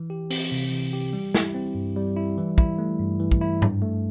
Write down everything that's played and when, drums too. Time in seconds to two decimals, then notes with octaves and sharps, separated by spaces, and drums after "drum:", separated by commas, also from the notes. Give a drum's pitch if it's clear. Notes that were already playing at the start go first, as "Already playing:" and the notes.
Already playing: E3
0.10 G4
0.30 C4, drum: open hi-hat
0.52 C3
0.72 E3
0.93 G4
1.13 G3
1.34 E4, drum: snare
1.54 C4
1.75 G2
1.96 G3
2.17 E4
2.38 E3
2.58 E4, drum: kick
2.79 A3
3.00 G2
3.20 E3
3.32 drum: kick
3.41 E4
3.62 G2, drum: tom G#2
3.82 A3